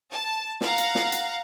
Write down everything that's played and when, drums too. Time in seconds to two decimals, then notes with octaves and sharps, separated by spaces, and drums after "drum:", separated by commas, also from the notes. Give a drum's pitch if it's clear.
0.11 A5
0.61 F5 F#5 A#5, drum: snare
0.78 drum: hi-hat
0.95 drum: snare
1.12 drum: hi-hat